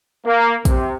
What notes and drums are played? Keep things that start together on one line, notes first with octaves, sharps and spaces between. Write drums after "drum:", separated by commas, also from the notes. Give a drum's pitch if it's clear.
A#3
C3, drum: kick, hi-hat